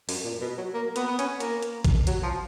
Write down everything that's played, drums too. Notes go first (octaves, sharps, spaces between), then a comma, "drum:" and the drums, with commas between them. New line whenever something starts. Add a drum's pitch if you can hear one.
F#2, drum: open hi-hat
A#2
B2
F#3
A#3
B3, drum: hi-hat
B3
C#4, drum: hi-hat
A#3, drum: hi-hat
drum: hi-hat
drum: kick, hi-hat
F#3, drum: hi-hat
F3